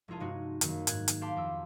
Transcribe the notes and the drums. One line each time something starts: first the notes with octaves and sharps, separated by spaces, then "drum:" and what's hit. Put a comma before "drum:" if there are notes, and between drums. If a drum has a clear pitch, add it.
F1 G#3 E4 F4 G#4 A5
G2 C3 G#3 D#4 F#4
F#2 D#3 A#3, drum: hi-hat
G#2 F#6 G#6, drum: hi-hat
drum: hi-hat
G4 F5 A5 B5 C6 D6
F2 D6 E6